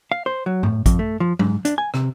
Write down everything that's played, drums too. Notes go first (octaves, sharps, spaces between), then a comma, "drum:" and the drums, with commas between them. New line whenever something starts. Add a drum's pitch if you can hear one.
F5
C5
F#3
A2, drum: tom G2
F2, drum: kick, hi-hat
A3
F3
G#2, drum: tom F#3
D4, drum: hi-hat
G#5
C3, drum: rim click